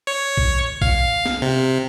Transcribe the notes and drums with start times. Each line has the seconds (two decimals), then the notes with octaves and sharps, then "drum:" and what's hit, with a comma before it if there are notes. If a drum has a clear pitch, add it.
0.07 C#5
0.37 drum: kick A#1
0.82 F5, drum: kick A#1
1.26 drum: snare
1.42 C3